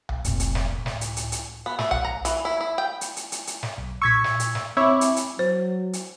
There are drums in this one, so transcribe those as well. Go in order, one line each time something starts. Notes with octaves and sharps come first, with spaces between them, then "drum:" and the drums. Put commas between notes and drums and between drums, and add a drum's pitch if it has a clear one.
drum: tom B1
F1 A#2, drum: hi-hat
drum: hi-hat
drum: snare
C#2 A2
drum: snare
drum: hi-hat
drum: hi-hat
drum: hi-hat
B3
A3, drum: snare
F#5, drum: tom B1
A#5
E3, drum: hi-hat
E4
E4
G5
drum: hi-hat
drum: hi-hat
drum: hi-hat
drum: hi-hat
drum: snare
B1
A#2 C#6 E6 G#6 B6
drum: snare
drum: hi-hat
drum: snare
C4 E4 C#5 D6
drum: hi-hat
drum: hi-hat
F#3 C5
drum: hi-hat